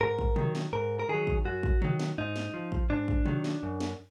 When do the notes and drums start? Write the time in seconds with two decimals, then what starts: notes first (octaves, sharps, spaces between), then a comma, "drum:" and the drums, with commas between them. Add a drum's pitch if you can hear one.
0.01 G#2 A#4
0.19 drum: kick
0.36 D#3 F#3, drum: tom B2
0.55 drum: snare
0.73 G#2 A#4
0.99 A#4
1.09 D#3 F#3 G#4
1.27 drum: kick
1.45 F#2 F#4
1.63 drum: kick
1.82 D#3 F#3, drum: tom B2
2.00 drum: snare
2.18 G#2 D#4
2.36 drum: snare
2.54 F3
2.72 drum: kick
2.90 G#2 D4
3.08 drum: kick
3.26 D#3 F#3, drum: tom B2
3.44 drum: snare
3.63 F#2
3.80 drum: snare